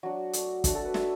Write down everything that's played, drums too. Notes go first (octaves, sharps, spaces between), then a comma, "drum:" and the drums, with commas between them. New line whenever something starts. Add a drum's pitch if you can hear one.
F#3 D4 F#4
A3 D4, drum: hi-hat
A3 D4 F#4, drum: kick, hi-hat
A4
B4
A3 D4 E5, drum: snare